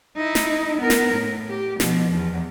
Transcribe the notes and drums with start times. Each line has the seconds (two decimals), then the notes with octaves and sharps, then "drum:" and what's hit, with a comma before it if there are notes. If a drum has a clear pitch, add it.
0.17 D#4 E4
0.35 drum: snare
0.78 B3 A#4
0.90 drum: snare
1.15 A2
1.49 G4
1.80 B2 F3, drum: snare
2.13 E2